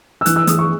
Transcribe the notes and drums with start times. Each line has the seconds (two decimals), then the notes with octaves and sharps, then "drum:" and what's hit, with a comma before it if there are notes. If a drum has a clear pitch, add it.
0.21 E6
0.26 E3 F#6, drum: hi-hat
0.36 E6
0.47 E3 D#6, drum: hi-hat
0.59 C#6